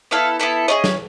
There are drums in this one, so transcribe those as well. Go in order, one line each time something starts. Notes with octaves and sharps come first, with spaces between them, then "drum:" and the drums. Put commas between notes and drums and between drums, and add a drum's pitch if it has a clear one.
B3 E4 A4 F5
B3 E4 A4
C#4 F4 G#4 D#5
drum: snare